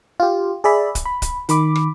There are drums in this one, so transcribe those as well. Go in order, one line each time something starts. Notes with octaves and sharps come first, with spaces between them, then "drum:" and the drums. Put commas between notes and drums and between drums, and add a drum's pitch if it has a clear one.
F4 G4
G#4 D5 E5 B5
drum: kick, hi-hat
B5
drum: kick, hi-hat
D#3 B5 D6, drum: hi-hat
drum: rim click